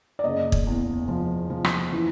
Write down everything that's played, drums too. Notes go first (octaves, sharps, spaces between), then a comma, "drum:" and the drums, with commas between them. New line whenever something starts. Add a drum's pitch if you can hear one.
D5
F#1 D#5
drum: kick
E2
F3
F3
drum: rim click
E3